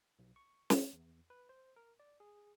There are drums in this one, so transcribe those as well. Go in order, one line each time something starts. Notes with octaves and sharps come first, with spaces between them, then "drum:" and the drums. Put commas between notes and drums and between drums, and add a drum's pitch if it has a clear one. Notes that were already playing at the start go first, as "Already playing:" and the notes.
B1
C#6
drum: snare
E2
B4
C5
A#4
D5
G#4